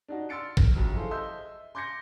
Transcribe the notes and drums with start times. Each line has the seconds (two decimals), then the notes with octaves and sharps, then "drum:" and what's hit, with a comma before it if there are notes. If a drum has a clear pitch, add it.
0.08 D4 D#4 F#4
0.29 C6 E6 F6 A6 C#7 D7
0.57 drum: kick G#1
0.76 A#1 F#2
0.95 E4 G#4 A4 C5 F5
1.11 D#5 E5 C6 E6 G6
1.75 C6 D6 G6 G#6 A#6 C#7